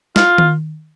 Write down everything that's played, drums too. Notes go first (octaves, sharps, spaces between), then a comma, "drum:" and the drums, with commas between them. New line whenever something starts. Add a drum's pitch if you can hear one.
F4, drum: snare
drum: tom D#3